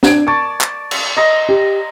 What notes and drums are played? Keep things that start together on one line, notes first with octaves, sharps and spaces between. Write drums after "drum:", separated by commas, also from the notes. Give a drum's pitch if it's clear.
D4 G#6 D7, drum: snare
D5 A5 C#6
drum: clap
drum: cymbal
D#5 A#5 C6
G4